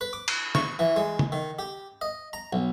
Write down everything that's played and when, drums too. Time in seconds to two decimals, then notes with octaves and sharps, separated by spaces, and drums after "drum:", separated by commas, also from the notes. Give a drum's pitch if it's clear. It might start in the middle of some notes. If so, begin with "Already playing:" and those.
0.01 B4
0.13 D6
0.28 drum: cymbal
0.55 C#6, drum: snare
0.79 E3
0.96 G#3
1.19 drum: tom C#3
1.32 D#3
1.59 G4
2.01 D#5
2.33 A#5
2.53 B1